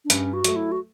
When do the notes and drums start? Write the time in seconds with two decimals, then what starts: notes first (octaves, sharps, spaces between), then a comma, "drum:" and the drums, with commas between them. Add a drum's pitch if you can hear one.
0.05 D4
0.10 G2 C#4, drum: hi-hat
0.33 F#4
0.44 F#3 A3, drum: hi-hat
0.56 E4
0.72 F#4